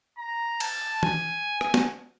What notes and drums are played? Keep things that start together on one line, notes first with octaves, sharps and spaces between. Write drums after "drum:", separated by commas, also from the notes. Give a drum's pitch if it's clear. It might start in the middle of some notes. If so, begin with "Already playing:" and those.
A#5
A5, drum: cymbal
G#5, drum: tom E3
drum: rim click
drum: snare